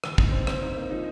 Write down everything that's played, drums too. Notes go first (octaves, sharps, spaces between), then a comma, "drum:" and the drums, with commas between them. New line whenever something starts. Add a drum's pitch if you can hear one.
D#2, drum: rim click
D#4, drum: kick
C4
C4, drum: rim click
D#4
A#3
F3 D#4